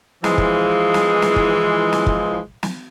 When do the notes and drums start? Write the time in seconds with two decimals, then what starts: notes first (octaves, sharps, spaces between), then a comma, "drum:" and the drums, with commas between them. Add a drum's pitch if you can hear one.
0.24 E3 F3 G#3, drum: snare
0.38 drum: kick
0.94 drum: snare
1.22 drum: snare
1.36 drum: kick
1.92 drum: snare
2.07 drum: kick
2.63 drum: snare